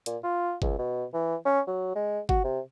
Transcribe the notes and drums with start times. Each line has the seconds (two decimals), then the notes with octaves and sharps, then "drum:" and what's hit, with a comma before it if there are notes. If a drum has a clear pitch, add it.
0.06 A#2, drum: hi-hat
0.23 F4
0.62 C#2, drum: kick G1
0.78 B2
1.14 E3
1.45 C#4
1.67 F#3
1.95 G#3
2.29 F#4, drum: kick G1
2.44 C3